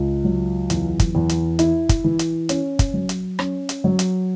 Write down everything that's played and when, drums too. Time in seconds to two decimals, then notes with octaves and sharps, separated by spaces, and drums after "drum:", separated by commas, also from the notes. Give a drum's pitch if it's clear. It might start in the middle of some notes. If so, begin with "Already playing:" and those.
Already playing: C#2
0.24 F#3
0.70 E2, drum: hi-hat
0.99 drum: kick, hi-hat
1.15 E2
1.29 drum: hi-hat
1.59 E4, drum: hi-hat
1.89 drum: kick, hi-hat
2.04 E3
2.19 drum: hi-hat
2.49 C#4, drum: hi-hat
2.79 drum: kick, hi-hat
2.93 F#3
3.09 drum: hi-hat
3.39 C#4, drum: rim click
3.69 drum: hi-hat
3.84 F#3
3.99 drum: hi-hat